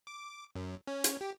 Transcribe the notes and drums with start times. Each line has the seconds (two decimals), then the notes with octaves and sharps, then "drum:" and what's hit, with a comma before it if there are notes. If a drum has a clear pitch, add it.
0.07 D6
0.55 F#2
0.87 C#4
1.04 drum: hi-hat
1.21 G4